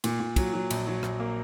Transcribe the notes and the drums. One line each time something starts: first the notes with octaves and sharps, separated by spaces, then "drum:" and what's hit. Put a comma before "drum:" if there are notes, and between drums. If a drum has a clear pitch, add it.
A#2, drum: cymbal
A#2
F#3, drum: kick, cymbal
F#3
A#1, drum: cymbal
F#3
A#1, drum: rim click
A#3